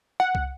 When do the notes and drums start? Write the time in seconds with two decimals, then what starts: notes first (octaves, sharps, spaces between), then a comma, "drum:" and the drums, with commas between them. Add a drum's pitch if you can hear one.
0.20 F#5, drum: rim click
0.35 drum: kick